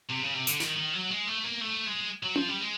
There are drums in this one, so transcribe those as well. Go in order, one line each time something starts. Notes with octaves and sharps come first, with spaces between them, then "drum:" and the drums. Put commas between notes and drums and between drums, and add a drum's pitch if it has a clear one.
C3
C#3
C3
D3, drum: hi-hat
D#3, drum: snare
D#3
F#3
G#3
A3
A#3
A3
G#3
F#3
F3, drum: tom C#4
G3
G#3